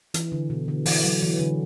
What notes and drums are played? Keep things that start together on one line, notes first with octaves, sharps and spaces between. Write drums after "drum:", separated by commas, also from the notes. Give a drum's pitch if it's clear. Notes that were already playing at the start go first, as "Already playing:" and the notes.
E3, drum: hi-hat
D3
B2
D3
E3, drum: open hi-hat
F#3
E3
D3